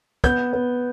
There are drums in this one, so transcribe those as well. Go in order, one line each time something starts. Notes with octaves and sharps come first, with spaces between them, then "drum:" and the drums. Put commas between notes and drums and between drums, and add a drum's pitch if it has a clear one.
B3 G6, drum: kick, hi-hat
B3